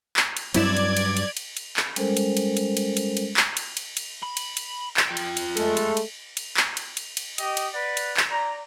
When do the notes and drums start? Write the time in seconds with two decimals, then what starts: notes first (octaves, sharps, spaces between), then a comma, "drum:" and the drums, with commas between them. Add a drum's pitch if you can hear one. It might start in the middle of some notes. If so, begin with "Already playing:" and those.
0.17 drum: clap
0.37 drum: cymbal
0.54 G2 F#3 C4 E4 D5 G#6 E7, drum: cymbal
0.77 drum: cymbal
0.97 drum: cymbal
1.17 drum: cymbal
1.37 drum: cymbal
1.57 drum: cymbal
1.77 drum: clap
1.96 G3 G#3 C#4 A4 A#4 C5, drum: cymbal
2.17 drum: cymbal
2.37 drum: cymbal
2.57 drum: cymbal
2.77 drum: cymbal
2.97 drum: cymbal
3.17 drum: cymbal
3.37 drum: clap
3.57 drum: cymbal
3.77 drum: cymbal
3.97 drum: cymbal
4.22 B5
4.37 drum: cymbal
4.57 drum: cymbal
4.97 drum: clap
5.08 F4 G5
5.17 drum: cymbal
5.37 drum: cymbal
5.57 G#3 A3 A4, drum: cymbal
5.77 drum: cymbal
5.97 drum: cymbal
6.37 drum: cymbal
6.57 drum: clap
6.77 drum: cymbal
6.97 drum: cymbal
7.17 drum: cymbal
7.38 G4 D#5, drum: cymbal
7.57 drum: cymbal
7.73 B4 D5 F#5
7.97 drum: cymbal
8.17 drum: clap
8.31 D5 A#5